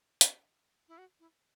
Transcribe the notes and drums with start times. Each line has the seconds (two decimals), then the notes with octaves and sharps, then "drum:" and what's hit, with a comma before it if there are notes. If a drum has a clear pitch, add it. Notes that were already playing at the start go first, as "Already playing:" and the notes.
0.21 drum: hi-hat
0.88 E4
0.98 F#4
1.19 E4